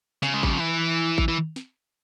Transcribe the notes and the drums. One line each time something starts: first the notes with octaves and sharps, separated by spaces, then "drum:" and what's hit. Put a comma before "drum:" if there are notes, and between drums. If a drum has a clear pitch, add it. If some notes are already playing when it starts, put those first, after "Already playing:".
C#3, drum: snare
G#3
G3, drum: kick A1
F3
E3
drum: kick A1
E3
drum: snare